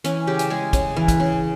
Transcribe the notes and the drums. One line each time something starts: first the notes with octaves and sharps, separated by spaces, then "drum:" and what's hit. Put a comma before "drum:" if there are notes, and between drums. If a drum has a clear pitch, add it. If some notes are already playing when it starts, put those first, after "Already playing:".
E3 C#4, drum: hi-hat
C#3 G4
drum: hi-hat
G#3 G#4
C#3, drum: kick, hi-hat
E3
drum: kick, hi-hat
C#3